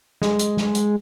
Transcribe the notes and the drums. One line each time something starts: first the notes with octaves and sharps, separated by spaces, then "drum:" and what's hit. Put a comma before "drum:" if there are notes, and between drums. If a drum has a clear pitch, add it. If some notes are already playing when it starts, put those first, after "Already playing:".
G#3, drum: snare
drum: hi-hat
drum: snare
drum: hi-hat